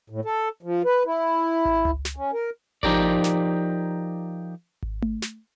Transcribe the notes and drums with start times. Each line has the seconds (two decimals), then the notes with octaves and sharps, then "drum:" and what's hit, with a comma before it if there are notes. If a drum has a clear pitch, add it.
0.10 A2
0.25 A4
0.63 F3
0.85 B4
1.06 E4
1.65 drum: kick G#1
1.85 drum: tom C#2
2.05 drum: snare
2.16 C#4
2.33 A#4
2.83 F3 D#4 G4 A#4 D5, drum: kick G#1
3.24 drum: snare
4.83 drum: kick G#1
5.02 drum: tom A3
5.22 drum: snare